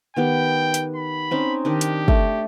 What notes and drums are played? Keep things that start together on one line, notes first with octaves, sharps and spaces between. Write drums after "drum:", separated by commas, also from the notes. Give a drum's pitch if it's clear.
D#3 B3 G4 G5
drum: hi-hat
B5
C4 C#4 D#4
D#3 D4 G4 D#5
drum: hi-hat
A3, drum: kick